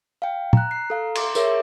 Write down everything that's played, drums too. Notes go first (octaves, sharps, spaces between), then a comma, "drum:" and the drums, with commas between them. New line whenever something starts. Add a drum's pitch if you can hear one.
F5 G5
A#5 F#6, drum: tom
C7
A4 F5 A#5
C6 D6, drum: cymbal
G#4 A#4 C#5 E5 D6, drum: tambourine